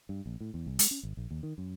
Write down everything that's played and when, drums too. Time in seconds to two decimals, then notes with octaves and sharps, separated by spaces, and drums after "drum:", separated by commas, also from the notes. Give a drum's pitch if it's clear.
0.09 G2
0.26 A#1
0.40 A2
0.54 E2
0.67 C2
0.79 G#3, drum: hi-hat
0.91 C#4
1.03 G#1
1.17 A#1
1.31 D#2
1.43 D#3
1.58 F#2